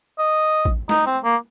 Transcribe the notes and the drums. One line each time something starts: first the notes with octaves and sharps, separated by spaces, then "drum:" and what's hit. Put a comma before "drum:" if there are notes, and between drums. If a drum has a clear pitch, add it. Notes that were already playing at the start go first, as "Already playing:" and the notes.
D#5
drum: kick A1
D#4, drum: snare
C4
A#3